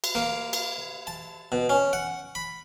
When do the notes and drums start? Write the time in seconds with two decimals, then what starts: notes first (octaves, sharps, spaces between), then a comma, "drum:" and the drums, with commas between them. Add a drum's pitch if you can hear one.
0.04 drum: cymbal
0.15 A#3
0.53 drum: cymbal
1.07 A5
1.52 B2
1.69 C#4
1.93 F#5
2.35 B5